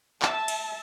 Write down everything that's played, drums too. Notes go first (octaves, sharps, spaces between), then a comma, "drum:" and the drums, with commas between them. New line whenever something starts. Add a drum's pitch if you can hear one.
E5 A5, drum: clap
drum: cymbal